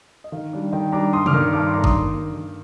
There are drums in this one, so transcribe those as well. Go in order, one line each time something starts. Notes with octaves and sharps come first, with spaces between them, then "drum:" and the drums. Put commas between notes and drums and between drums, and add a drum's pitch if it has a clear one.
D#5
D#3 F5
G3 D4
D#3 D#5 G5
G3 D4 A#5 D6
G2 C6 D#6
D6 F6, drum: tom
D#3 A#3 D4
G2 D6 F6
C6
D#3 A#3 D4 A#5 D6
C6 D#6, drum: kick
D#3
A#3 D4
D#3